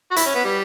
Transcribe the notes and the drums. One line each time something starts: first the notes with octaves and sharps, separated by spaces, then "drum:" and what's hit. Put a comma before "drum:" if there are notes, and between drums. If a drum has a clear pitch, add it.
F#4
E4, drum: hi-hat
C#4
B3
G3